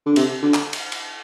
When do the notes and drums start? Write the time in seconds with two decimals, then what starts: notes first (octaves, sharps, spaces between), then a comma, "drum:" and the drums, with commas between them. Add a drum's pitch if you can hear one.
0.06 D3
0.16 C3, drum: cymbal
0.42 D3
0.54 drum: clap
0.73 drum: cymbal
0.92 drum: cymbal